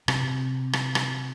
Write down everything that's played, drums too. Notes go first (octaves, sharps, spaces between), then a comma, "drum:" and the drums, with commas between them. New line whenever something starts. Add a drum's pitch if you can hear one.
C3, drum: rim click
drum: rim click
drum: rim click